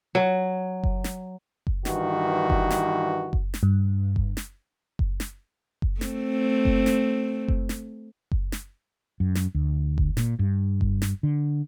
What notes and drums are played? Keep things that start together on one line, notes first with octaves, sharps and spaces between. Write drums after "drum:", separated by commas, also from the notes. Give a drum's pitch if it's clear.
F#3
drum: kick F#1
drum: snare
drum: kick F#1
G2 D#3 E3 F#4, drum: snare
drum: kick F#1
drum: snare
drum: kick F#1
drum: snare
G2
drum: kick F#1
drum: snare
drum: kick F#1
drum: snare
drum: kick F#1
A3 C4, drum: snare
drum: kick F#1
drum: snare
drum: kick F#1
drum: snare
drum: kick F#1
drum: snare
F#2
drum: snare
D2
drum: kick F#1
A#2, drum: snare
G2
drum: kick F#1
drum: snare
D3